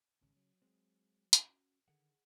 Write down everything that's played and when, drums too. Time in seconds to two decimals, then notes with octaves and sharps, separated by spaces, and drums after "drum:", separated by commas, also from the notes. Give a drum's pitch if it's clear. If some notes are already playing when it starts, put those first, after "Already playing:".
0.22 G#1 C#3
0.37 F#3
0.62 G#3 C4
1.33 C#4 F#4, drum: hi-hat
1.88 D3 D#3 G#4 F#5